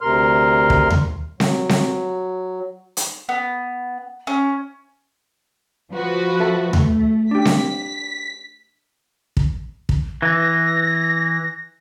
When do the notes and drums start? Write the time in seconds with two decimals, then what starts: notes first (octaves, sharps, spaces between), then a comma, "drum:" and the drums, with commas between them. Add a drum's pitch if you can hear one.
0.01 D2 C3 A#4 C6 F6
0.70 drum: kick
0.90 drum: tom D#2
1.40 F#3, drum: snare C4
1.69 drum: snare C4
2.97 drum: hi-hat
3.29 B3
4.27 C#4
5.92 F3 F#4 B4
6.40 A4 E5 A5
6.73 A3, drum: tom D#2
7.31 D4 G4 B6
7.45 drum: snare C4
9.37 drum: kick
9.89 drum: kick
10.22 E3 A#6